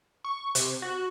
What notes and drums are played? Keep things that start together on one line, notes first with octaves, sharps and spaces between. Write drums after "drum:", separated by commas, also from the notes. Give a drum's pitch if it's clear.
C#6
C3, drum: hi-hat
F#4